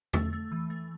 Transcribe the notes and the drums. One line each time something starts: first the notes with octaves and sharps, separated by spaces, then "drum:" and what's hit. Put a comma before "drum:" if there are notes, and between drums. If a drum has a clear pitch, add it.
A3, drum: tom E2
A3
E3
A3